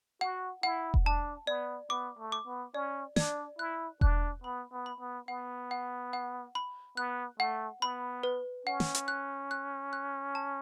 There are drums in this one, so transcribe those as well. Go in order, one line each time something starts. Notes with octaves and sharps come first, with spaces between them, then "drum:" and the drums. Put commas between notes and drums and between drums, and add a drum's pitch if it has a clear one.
F#4 F#5
E4 F#5
drum: kick E1
D4 A5
B3 D5
B3 D6
A3
D6
B3
C#4 D5
D4 D5, drum: snare
E4 F#6
D4 F#6, drum: kick E1
B3 B5
B3
B5
B3
B3 F#5
F#5
F#5
B5
B3 F#6
A3 F#5
B3 B5
B4
C#4 F#5
drum: snare
drum: hi-hat
F#6
F#6
F#6
A5